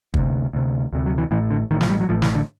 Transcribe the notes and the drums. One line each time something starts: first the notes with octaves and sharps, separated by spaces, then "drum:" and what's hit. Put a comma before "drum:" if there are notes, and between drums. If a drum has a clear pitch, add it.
D2 C3, drum: kick
D2 C3
D2 C3
F#3
E3
A1 A2 E3
D3
A1 A2 D#3
F3, drum: snare
G3
F#3
A1 A2 F3
E3, drum: snare
D3